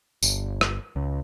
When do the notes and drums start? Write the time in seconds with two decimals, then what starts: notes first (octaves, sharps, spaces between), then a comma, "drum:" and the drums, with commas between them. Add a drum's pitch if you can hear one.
0.23 G1, drum: tambourine
0.61 drum: rim click
0.96 C#2